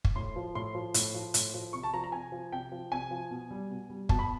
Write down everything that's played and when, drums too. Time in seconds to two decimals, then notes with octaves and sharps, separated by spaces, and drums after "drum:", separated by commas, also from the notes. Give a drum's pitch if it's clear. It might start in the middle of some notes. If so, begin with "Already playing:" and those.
0.05 drum: kick
0.16 A2 C6
0.36 F3
0.55 A2 C6
0.75 F3
0.94 A2, drum: hi-hat
1.14 F3
1.34 A2, drum: hi-hat
1.54 F3
1.73 C3 C#6
1.83 A5
1.94 F3 A#5
2.04 A#5
2.12 C3 G#5
2.32 F3
2.52 C3 G5
2.72 F3
2.91 C3 G#5
3.11 F3
3.31 B2
3.51 G3
3.71 B2
3.90 G3
4.09 B2 A5, drum: kick
4.19 B5